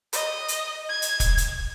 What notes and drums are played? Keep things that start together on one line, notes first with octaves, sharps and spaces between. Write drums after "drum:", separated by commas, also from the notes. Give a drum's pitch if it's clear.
D#5, drum: hi-hat
drum: hi-hat
G#6
drum: hi-hat
drum: kick, hi-hat
drum: hi-hat